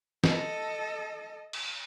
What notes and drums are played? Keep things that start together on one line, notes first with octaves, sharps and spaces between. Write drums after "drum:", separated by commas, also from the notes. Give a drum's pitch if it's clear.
A4 D#5, drum: snare
drum: cymbal